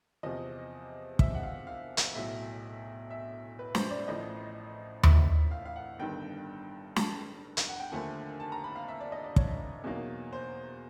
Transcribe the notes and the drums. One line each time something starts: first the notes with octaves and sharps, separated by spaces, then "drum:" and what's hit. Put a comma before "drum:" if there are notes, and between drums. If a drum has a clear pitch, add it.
E2 C3 F3 D#5
E5, drum: kick
F#5
F5
F5
drum: hi-hat
B1 A2 F#3 E5
E5
B4
C5, drum: snare
D5
A1 A2 F3 D#5
E5, drum: tom D#2
F5
F5
F#5
G1 G2 D#3 G5
A5, drum: snare
drum: hi-hat
F#5
G5
D#2 D3 F3 A3 G#5
A5
A#5
B5
F5
E5
D5
D#5
D5
C#5, drum: kick
E2 B2 F#3 A#3 D#4
C5